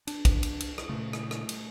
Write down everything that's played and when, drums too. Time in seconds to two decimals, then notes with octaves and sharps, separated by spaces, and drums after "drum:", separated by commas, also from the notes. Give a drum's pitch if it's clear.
0.07 D4, drum: cymbal
0.25 drum: kick, cymbal
0.43 drum: cymbal
0.60 drum: cymbal
0.78 drum: rim click
0.89 A#2 C#3 A3
1.13 drum: rim click
1.31 drum: rim click
1.49 drum: cymbal